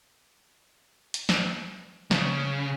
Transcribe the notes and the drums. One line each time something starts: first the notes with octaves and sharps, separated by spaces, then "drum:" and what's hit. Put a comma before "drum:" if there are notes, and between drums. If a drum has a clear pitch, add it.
drum: hi-hat
drum: snare
C#3, drum: snare